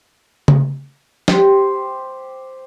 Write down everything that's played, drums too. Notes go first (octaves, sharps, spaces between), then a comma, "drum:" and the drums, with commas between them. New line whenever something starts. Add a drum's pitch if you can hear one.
drum: tom C#3
G4 C5, drum: snare